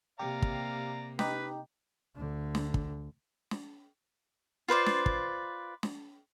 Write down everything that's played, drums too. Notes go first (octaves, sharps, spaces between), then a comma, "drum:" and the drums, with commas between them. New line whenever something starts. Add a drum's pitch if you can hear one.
C3 A#3 G4 D5 F5 A#5
drum: kick
D#4 G4 B4, drum: snare
D2 D3
drum: snare
drum: kick
drum: snare
F4 B4 C5 D5
drum: snare
drum: kick
drum: snare